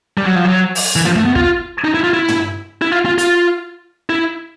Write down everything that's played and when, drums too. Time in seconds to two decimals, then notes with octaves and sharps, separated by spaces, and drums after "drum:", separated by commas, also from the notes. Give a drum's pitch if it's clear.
0.18 G3
0.26 F#3
0.35 F3
0.45 F#3
0.75 drum: open hi-hat
0.96 E3
1.05 F3, drum: tom
1.16 A3
1.25 B3
1.36 F4, drum: kick
1.84 D#4
1.94 E4
2.04 F4
2.13 E4
2.28 drum: tom
2.82 E4
2.92 F4
3.06 F4
3.18 F4, drum: hi-hat
4.09 E4